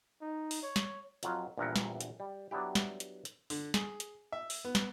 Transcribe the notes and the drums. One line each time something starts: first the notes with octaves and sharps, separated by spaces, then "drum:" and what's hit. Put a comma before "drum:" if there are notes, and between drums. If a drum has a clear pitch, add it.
D#4
drum: open hi-hat
C#5
drum: snare
F2 F#3 F4, drum: hi-hat
A#1 E2 G2 A#4 E5 F#5
drum: snare
drum: hi-hat
G3
F#3 B3 D4 E4 G4
drum: snare
drum: hi-hat
drum: hi-hat
D3, drum: open hi-hat
G#4, drum: snare
drum: hi-hat
E5
drum: open hi-hat
B3
drum: snare